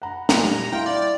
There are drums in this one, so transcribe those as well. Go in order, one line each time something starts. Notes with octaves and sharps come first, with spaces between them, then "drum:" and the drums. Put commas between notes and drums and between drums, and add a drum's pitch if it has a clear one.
F#5 A#5 B5
A#2 A#5, drum: snare
G3
E4 F5 G5 C6
D5